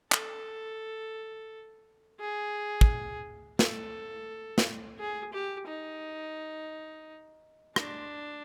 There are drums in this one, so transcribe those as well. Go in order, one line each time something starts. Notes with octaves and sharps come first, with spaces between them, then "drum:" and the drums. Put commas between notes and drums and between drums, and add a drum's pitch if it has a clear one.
A4, drum: clap
G#4
drum: kick
A4, drum: snare
drum: snare
G#4
G4
D#4
D4, drum: rim click